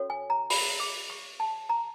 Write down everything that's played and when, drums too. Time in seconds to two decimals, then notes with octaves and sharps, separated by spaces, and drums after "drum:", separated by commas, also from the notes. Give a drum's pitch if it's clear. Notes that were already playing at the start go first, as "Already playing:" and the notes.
Already playing: C#4 F#4 A4 C#5
0.10 G#5
0.30 A#5
0.50 B5, drum: open hi-hat
0.80 D6
1.10 C#6
1.40 A5
1.69 A#5